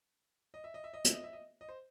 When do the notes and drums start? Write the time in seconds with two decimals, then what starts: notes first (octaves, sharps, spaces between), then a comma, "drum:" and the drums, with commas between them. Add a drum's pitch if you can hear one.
0.54 D#5
0.64 E5
0.74 D#5
0.84 E5
0.94 D#5
1.04 E5, drum: hi-hat
1.13 D#5
1.24 E5
1.33 D#5
1.61 D#5
1.69 C5